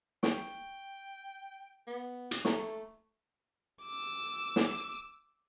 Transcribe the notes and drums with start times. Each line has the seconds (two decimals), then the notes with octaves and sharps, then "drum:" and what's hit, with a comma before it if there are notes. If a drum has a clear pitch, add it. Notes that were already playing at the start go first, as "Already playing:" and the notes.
0.23 G5 C#6, drum: snare
1.87 B3
2.31 drum: hi-hat
2.45 A3 A#5 C#6, drum: snare
3.83 D6 E6
4.56 drum: snare